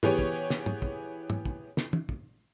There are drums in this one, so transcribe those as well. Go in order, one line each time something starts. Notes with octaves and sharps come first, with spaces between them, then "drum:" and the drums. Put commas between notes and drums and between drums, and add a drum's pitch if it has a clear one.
E3 B3 G4 G#4 C#5, drum: tom
drum: kick
drum: snare
drum: tom
drum: kick
drum: tom
drum: kick
drum: snare
drum: tom
drum: kick